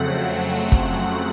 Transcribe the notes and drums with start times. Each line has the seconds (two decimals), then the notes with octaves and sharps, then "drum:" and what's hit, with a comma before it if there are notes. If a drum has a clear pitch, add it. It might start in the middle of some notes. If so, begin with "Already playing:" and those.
Already playing: F2 C#3 F#3 A3 C4 F#5
0.72 drum: kick